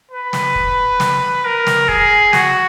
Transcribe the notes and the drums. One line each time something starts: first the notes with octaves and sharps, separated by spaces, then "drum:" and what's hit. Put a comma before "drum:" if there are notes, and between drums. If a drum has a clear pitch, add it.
B4
drum: snare
drum: kick
drum: snare
A#4
drum: snare
G#4, drum: kick
F#4, drum: snare